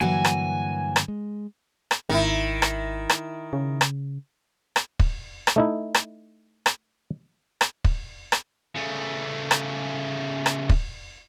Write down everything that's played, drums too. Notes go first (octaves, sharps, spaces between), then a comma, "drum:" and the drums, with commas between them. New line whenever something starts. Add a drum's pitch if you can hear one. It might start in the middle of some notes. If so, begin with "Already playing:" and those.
G2 D3 E3 F#3 A#3 F#4 G#5
drum: rim click
drum: rim click
G#3
drum: rim click
G#1 D#3 E4
drum: rim click
drum: rim click
C#3
drum: rim click
drum: rim click
drum: kick
drum: rim click
A3 D#4 E4
drum: rim click
drum: rim click
drum: rim click
drum: kick
drum: rim click
C#3 A3
drum: rim click
drum: rim click
drum: kick